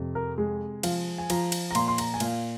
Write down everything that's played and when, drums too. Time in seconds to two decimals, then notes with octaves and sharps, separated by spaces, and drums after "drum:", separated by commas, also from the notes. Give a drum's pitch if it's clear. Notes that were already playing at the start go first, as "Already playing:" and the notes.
Already playing: F2 C3
0.15 A#4
0.38 G#3
0.83 F3 F5, drum: cymbal
1.18 G#5
1.30 F3 A#5, drum: cymbal
1.52 drum: cymbal
1.71 A#5
1.75 A#2 C6, drum: cymbal
1.88 C6
1.98 A#5, drum: cymbal
2.14 G#5
2.20 A#2 F5, drum: cymbal